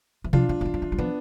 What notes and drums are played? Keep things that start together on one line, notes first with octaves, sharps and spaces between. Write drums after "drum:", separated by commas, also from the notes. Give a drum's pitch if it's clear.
E3
F3 D4 F4, drum: tom B2
F3
F3
E3
F3
E3
G3
F3 B3 D4